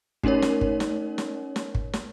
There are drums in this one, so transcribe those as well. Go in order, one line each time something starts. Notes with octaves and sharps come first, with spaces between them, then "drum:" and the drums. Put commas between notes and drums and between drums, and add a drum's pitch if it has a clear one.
A3 C#4 D#4 A#4 C#5, drum: kick
drum: snare
drum: kick
drum: snare
drum: snare
drum: snare
drum: kick
drum: snare